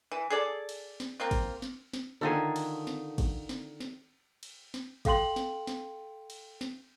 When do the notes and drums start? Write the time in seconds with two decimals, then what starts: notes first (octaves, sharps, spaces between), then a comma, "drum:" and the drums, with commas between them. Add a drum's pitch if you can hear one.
0.12 E3
0.30 G#4 A4 D5
0.69 drum: cymbal
1.00 drum: snare
1.20 A#3 C4 F4
1.31 drum: kick, cymbal
1.62 drum: snare
1.93 drum: snare
2.21 D3 D#3 D#4 F4 A4 G#5
2.56 drum: cymbal
2.87 drum: snare
3.18 drum: kick, cymbal
3.49 drum: snare
3.80 drum: snare
4.43 drum: cymbal
4.74 drum: snare
5.05 A4 F5 G5 C6 F#7, drum: kick, cymbal
5.36 drum: snare
5.67 drum: snare
6.30 drum: cymbal
6.61 drum: snare